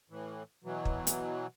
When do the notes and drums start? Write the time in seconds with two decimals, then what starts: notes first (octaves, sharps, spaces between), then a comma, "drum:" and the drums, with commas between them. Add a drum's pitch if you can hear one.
0.10 A2 E3
0.64 B2 E3 F#3
0.85 drum: kick
1.07 drum: hi-hat